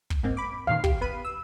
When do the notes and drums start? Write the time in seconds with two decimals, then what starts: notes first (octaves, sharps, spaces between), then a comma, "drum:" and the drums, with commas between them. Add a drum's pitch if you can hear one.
0.10 drum: kick
0.23 G#2 A#3 C4
0.37 B5 D6
0.67 E2 A#2 D#3 F5
0.84 G4, drum: kick
1.01 B3 B5 D#7
1.25 E6